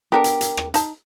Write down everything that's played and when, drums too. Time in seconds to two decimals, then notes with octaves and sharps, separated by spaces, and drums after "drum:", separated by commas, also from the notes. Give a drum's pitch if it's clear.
0.12 B3 D4 G4 A4 A#4
0.24 drum: hi-hat
0.41 drum: hi-hat
0.57 drum: rim click
0.74 D#4 A5, drum: hi-hat